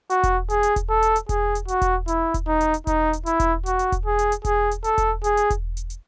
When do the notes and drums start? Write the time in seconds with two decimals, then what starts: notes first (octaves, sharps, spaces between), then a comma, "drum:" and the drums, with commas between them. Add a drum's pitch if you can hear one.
0.10 F#4, drum: hi-hat
0.23 drum: kick E1, hi-hat
0.50 G#4, drum: hi-hat
0.63 drum: hi-hat
0.76 drum: kick E1, hi-hat
0.90 A4
1.02 drum: hi-hat
1.16 drum: hi-hat
1.29 G#4, drum: kick E1, hi-hat
1.55 drum: hi-hat
1.68 F#4, drum: hi-hat
1.82 drum: kick E1, hi-hat
2.08 E4, drum: hi-hat
2.34 drum: kick E1, hi-hat
2.47 D#4
2.61 drum: hi-hat
2.74 drum: hi-hat
2.87 D#4, drum: kick E1, hi-hat
3.13 drum: hi-hat
3.26 E4, drum: hi-hat
3.40 drum: kick E1, hi-hat
3.66 F#4, drum: hi-hat
3.79 drum: hi-hat
3.92 drum: kick E1, hi-hat
4.06 G#4
4.19 drum: hi-hat
4.32 drum: hi-hat
4.45 G#4, drum: kick E1, hi-hat
4.71 drum: hi-hat
4.84 A4, drum: hi-hat
4.98 drum: kick E1, hi-hat
5.24 G#4, drum: hi-hat
5.37 drum: hi-hat
5.50 drum: kick E1, hi-hat
5.77 drum: hi-hat
5.90 drum: hi-hat